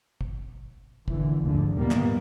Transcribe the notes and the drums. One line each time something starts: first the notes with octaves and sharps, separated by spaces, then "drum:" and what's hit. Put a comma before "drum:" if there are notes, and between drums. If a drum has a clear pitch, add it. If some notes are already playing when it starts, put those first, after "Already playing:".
drum: kick
A#2 D3 E3, drum: kick
F1 A#1 D#2 G#2 D3
D#2 A#2 D#3 G3 A#3 B3
drum: clap